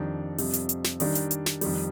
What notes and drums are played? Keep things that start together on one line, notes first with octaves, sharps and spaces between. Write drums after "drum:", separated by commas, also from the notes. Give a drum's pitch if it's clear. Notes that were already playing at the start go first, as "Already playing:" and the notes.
Already playing: F2 D#3 G3 D4
F2 C3 G3, drum: open hi-hat
drum: hi-hat
drum: hi-hat
drum: snare
D#3 G3 D4, drum: open hi-hat
drum: hi-hat
drum: hi-hat
drum: snare
F2 D#3 G3, drum: open hi-hat